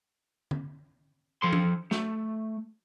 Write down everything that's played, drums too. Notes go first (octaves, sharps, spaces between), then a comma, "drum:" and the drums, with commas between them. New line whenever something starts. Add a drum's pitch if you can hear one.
drum: tom D3
F3 A4 C6
drum: tom
A3, drum: snare